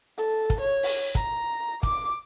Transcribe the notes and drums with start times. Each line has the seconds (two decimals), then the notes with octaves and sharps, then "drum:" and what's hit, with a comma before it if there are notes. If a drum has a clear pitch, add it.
0.18 A4
0.50 drum: kick, hi-hat
0.61 C#5
0.83 drum: open hi-hat
1.15 A#5, drum: kick, hi-hat
1.83 D6, drum: kick, hi-hat